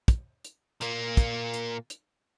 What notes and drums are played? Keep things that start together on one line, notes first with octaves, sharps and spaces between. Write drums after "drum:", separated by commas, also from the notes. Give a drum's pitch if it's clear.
drum: kick, hi-hat
drum: hi-hat
A#2 A#3, drum: hi-hat
drum: kick, hi-hat
drum: hi-hat
drum: hi-hat